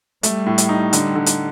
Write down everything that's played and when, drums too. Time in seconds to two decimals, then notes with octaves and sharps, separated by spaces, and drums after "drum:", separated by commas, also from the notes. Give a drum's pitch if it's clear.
0.23 G3 A3, drum: hi-hat
0.46 A2
0.58 drum: hi-hat
0.69 D#4
0.93 D3, drum: hi-hat
1.15 D3
1.26 drum: hi-hat